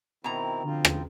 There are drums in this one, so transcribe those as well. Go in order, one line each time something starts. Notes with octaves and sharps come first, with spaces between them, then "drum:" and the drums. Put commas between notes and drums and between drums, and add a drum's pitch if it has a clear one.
B2 D#3 C4 E4 A#5
D3 F3 C4 F4
drum: rim click